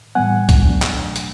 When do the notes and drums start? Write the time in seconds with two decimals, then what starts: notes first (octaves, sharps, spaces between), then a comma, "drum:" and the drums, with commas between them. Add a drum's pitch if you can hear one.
0.15 A2 E3 G3 B3 F#5 G#5
0.49 drum: kick B1, hi-hat
0.66 B2 F#3 A3 D4
0.82 drum: clap
1.16 drum: hi-hat